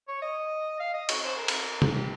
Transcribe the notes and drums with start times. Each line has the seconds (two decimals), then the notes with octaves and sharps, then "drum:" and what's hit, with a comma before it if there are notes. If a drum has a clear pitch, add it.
0.08 C#5
0.22 D#5
0.80 F5
0.94 D#5
1.09 C#5, drum: cymbal
1.24 C5
1.38 A#4
1.48 drum: cymbal
1.82 drum: tom C3
1.96 G4